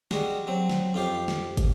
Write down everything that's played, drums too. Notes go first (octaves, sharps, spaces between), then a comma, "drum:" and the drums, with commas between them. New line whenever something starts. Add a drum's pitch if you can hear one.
G3 G#3 F#4, drum: snare
F#3 C4
drum: snare
F2 F4 G4 F5
drum: snare
drum: kick, hi-hat